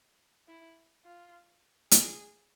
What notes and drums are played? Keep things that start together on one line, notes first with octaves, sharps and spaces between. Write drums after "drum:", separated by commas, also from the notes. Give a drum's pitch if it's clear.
E4
F4
G#4, drum: hi-hat